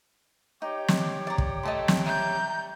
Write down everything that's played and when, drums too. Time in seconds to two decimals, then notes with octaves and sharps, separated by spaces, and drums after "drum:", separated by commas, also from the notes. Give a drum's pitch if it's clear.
0.62 D#4 G4 C#5 G5 D6
0.88 drum: snare
1.27 D5 A#5
1.38 drum: kick
1.63 A3 D#5 A5 C6
1.88 drum: snare
2.06 D5 E5 A#5 G6